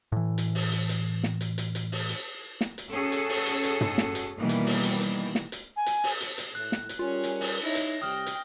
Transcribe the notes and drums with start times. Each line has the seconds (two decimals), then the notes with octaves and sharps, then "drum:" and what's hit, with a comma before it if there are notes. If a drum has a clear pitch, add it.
0.12 A2 E3
0.38 drum: hi-hat
0.55 drum: open hi-hat
0.72 drum: hi-hat
0.89 drum: hi-hat
1.23 drum: snare
1.41 drum: hi-hat
1.58 drum: hi-hat
1.75 drum: hi-hat
1.92 drum: open hi-hat
2.09 drum: hi-hat
2.61 drum: snare
2.78 drum: hi-hat
2.90 C#4 F#4 G#4 A4
3.12 drum: hi-hat
3.29 drum: open hi-hat
3.46 drum: hi-hat
3.64 drum: hi-hat
3.81 drum: tom
3.98 drum: snare
4.15 drum: hi-hat
4.40 B2 D#3 E3 G3 A#3
4.49 drum: hi-hat
4.66 drum: open hi-hat
4.84 drum: hi-hat
5.01 drum: hi-hat
5.35 drum: snare
5.52 drum: hi-hat
5.77 G#5
5.86 drum: hi-hat
6.04 drum: open hi-hat
6.21 drum: hi-hat
6.38 drum: hi-hat
6.55 A2 F#6
6.72 drum: snare
6.89 drum: hi-hat
6.99 G3 C#4 F4 G#4 A#4
7.24 drum: hi-hat
7.41 drum: open hi-hat
7.63 D#4 E4 C#5 A#6
7.75 drum: hi-hat
8.02 C3 G3 G5 D#6 F6
8.26 drum: hi-hat